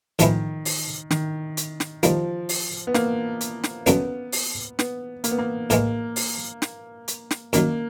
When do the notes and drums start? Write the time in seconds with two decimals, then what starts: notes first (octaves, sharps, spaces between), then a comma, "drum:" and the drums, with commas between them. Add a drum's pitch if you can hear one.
0.19 A2 D#3 F3 G#3 B3 E4, drum: hi-hat
0.65 drum: open hi-hat
1.11 D#3, drum: snare
1.57 drum: hi-hat
1.80 drum: snare
2.03 D#3 F3 G3 A#3, drum: hi-hat
2.49 drum: open hi-hat
2.87 B3
2.94 A#3, drum: snare
3.41 drum: hi-hat
3.64 drum: snare
3.86 F#2 D3 F#3 A#3 B3 C#4, drum: hi-hat
4.32 drum: open hi-hat
4.79 B3, drum: snare
5.24 A#3, drum: hi-hat
5.31 B3
5.38 A#3
5.70 A2 E3 G#3 A#3, drum: hi-hat
6.16 drum: open hi-hat
6.62 drum: snare
7.08 drum: hi-hat
7.31 drum: snare
7.53 F#2 D#3 F#3 A#3, drum: hi-hat